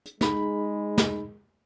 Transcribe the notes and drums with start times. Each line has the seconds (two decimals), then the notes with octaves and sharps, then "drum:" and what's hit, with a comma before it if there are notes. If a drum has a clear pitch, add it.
0.05 drum: hi-hat
0.21 G#3 D#4 G#4 B5, drum: snare
0.98 drum: snare